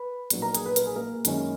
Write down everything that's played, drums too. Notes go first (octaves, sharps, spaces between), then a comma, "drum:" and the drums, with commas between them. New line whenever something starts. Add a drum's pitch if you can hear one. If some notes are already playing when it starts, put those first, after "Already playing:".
Already playing: B4 B5
A#1 A#2 F#3 B3 D#4, drum: hi-hat
A#4 A#5
G#4 G#5, drum: hi-hat
B4
A#4, drum: hi-hat
G#4
A#3 A#4
F#2 D#3 G#3 C#4 E4, drum: hi-hat